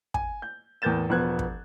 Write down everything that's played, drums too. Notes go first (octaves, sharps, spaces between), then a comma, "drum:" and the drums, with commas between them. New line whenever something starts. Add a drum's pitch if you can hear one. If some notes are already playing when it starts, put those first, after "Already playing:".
G#5, drum: kick
G6
E2 A2 A#4 G6 A6 E7
E1 F3 B3 F#6 G#6
drum: kick